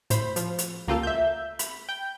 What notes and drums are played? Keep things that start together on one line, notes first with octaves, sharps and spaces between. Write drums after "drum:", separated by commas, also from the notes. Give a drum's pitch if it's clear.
A2 C5 B5, drum: hi-hat
F3, drum: hi-hat
drum: hi-hat
C#2 A#3 F4 G4 A4 F5
E5 G6
B5, drum: hi-hat
G5